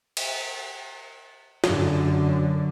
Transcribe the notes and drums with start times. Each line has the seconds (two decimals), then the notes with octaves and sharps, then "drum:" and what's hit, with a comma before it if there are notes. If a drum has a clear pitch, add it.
0.17 drum: cymbal
1.64 F#2 D3, drum: snare